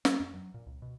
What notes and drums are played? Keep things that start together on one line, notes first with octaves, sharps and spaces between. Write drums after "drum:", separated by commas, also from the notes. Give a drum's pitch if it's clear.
F#3, drum: snare
F#2
F#3
A#2
C#2
B2